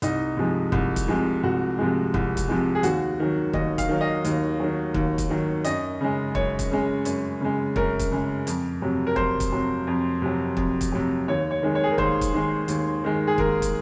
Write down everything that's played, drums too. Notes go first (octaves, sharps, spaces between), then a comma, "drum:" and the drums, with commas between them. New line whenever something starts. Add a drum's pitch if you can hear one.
C2 D#4, drum: hi-hat
C3 F3 G#3
C2, drum: kick
drum: kick, hi-hat
C3 F3 G#3
C2 F#4
C3 F3 G#3
C2, drum: kick
drum: kick, hi-hat
C3 F3 G#3
G#4
D#2 F#4, drum: hi-hat
D#3 F#3
D#2 D#5, drum: kick
F5, drum: kick, hi-hat
D#3 F#3
D#5
D#2, drum: hi-hat
D#3 F#3
D#2, drum: kick
drum: kick, hi-hat
D#3 F#3
F#2 D#5, drum: hi-hat
C#3 G#3
F#2 C#5, drum: kick
drum: kick, hi-hat
C#3 G#3
F#2, drum: hi-hat
C#3 G#3
F#2 A#4, drum: kick
drum: kick, hi-hat
C#3 G#3
F2, drum: hi-hat
C3 F#3
A#4
F2 C5, drum: kick
drum: kick, hi-hat
C3 F#3
F2
C3 F#3
F2, drum: kick
drum: kick, hi-hat
C3 F#3
D#2 C#5
C#5
D#3 G#3
C#5
G#4
A#4
D#2 C5, drum: kick
drum: kick, hi-hat
D#3 G#3
D#2, drum: hi-hat
D#3 G#3
G#4
D#2 A#4, drum: kick
drum: kick, hi-hat